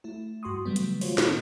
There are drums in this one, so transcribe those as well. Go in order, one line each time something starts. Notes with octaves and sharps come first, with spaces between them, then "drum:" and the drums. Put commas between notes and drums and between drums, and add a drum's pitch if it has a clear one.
A3 E4
G2 F#4 C6 C#6 D#6
C#3 E3 F#3 G3 A3 B3
drum: hi-hat
D#3 G#3 F4 F#4 C5 C#5, drum: open hi-hat
A#2 D#3 A#3, drum: snare